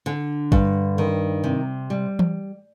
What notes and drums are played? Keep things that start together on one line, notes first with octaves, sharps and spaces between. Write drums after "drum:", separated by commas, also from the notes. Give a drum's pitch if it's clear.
D3
G2, drum: kick
D#3
C3
G3
drum: tom E3